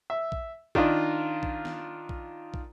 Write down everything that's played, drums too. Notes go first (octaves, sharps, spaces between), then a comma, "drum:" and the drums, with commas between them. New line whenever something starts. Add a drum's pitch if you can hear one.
E5
drum: kick
D#3 D4 F4 D#5, drum: kick
drum: kick
drum: snare
drum: kick
drum: kick